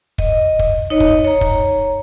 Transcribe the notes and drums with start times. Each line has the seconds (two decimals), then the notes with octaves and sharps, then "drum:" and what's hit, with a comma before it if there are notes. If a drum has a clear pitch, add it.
0.18 D#5, drum: kick
0.59 drum: kick
0.90 D#4 C#5 D#5
1.00 drum: kick
1.25 C#5 A#5
1.41 drum: kick